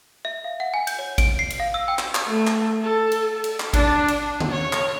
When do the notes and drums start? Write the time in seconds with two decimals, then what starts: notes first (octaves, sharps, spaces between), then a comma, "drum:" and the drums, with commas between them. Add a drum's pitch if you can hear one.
0.25 E5
0.44 F5
0.60 F#5
0.74 G#5
0.87 G6, drum: cymbal
0.99 C#5
1.18 D7, drum: kick A1, cymbal
1.39 C7
1.50 drum: cymbal
1.60 F5
1.74 E6
1.88 G5
1.99 drum: clap
2.15 drum: clap
2.27 A3
2.47 drum: clap
2.82 A4
3.12 drum: cymbal
3.44 drum: cymbal
3.60 drum: clap
3.73 D4, drum: kick A1, cymbal
4.08 drum: cymbal
4.40 drum: tom D3
4.51 C#5
4.73 drum: clap